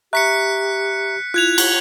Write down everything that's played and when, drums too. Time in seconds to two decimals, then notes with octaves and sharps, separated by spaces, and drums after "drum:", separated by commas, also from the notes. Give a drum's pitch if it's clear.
0.13 G4 E5 A#5 C#6 F#6 B6 C#7
1.34 E4 F4 F#6 G#6 F7
1.58 drum: cymbal